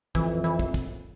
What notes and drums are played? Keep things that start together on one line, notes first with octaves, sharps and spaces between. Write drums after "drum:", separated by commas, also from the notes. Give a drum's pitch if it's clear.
F2 E3, drum: kick
E3, drum: hi-hat
drum: kick
drum: kick, hi-hat